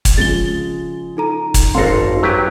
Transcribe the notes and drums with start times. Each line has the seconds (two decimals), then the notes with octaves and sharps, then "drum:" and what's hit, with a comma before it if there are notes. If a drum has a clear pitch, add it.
0.05 drum: kick, hi-hat
0.18 C#3 F3 G#3 A6 G7
1.17 D#4 A4 A#5
1.54 drum: kick, hi-hat
1.74 G#1 F#2 A4 F5 C6 A#6
2.23 F#3 G4 B4